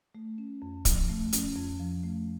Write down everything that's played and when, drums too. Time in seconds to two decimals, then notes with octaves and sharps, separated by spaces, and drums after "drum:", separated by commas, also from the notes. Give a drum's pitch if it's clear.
0.15 A3
0.38 C#4
0.62 F2
0.85 F3, drum: kick, hi-hat
1.09 A3
1.33 C#4, drum: hi-hat
1.56 F2
1.80 F3
2.03 A3